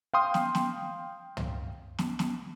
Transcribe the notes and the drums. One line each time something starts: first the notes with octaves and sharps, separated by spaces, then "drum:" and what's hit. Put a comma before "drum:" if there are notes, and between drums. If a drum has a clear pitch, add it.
F5 G5 C6 D#6
drum: snare
drum: snare
drum: tom
drum: snare
drum: snare